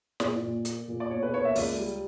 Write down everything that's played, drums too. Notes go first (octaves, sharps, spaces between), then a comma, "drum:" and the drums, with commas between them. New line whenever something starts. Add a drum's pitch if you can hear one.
A#2 D5, drum: snare
A#2
A#3, drum: hi-hat
A#2
D5
B2 C#5
B4
A#3 C#5
E5
C#2 D5, drum: open hi-hat
G3